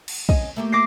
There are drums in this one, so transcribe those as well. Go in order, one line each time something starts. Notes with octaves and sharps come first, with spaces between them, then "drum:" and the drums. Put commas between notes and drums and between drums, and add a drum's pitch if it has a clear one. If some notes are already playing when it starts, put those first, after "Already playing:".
drum: cymbal
C#4 D#5, drum: kick
A3 A#3 G4
D6 A#6 C7